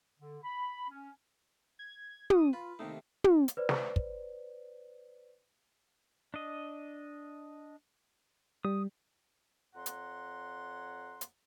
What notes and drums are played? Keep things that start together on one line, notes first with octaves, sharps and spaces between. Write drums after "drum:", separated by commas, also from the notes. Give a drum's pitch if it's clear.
D3
B5
C#4
G#6
D#6, drum: tom
F4 B4
D#2 C3 A3 D#4
drum: tom
drum: hi-hat
B4 C5 D5
drum: snare
drum: kick
D4 D#5
G3 D#6
F2 C#5 F#5 A#5 C6
drum: hi-hat
drum: hi-hat